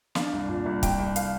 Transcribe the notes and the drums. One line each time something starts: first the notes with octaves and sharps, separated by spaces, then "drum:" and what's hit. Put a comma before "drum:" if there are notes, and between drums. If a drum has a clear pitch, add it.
D4 F5, drum: snare
C2
A#2
C2
C2 G5, drum: kick, hi-hat
C2
F5, drum: hi-hat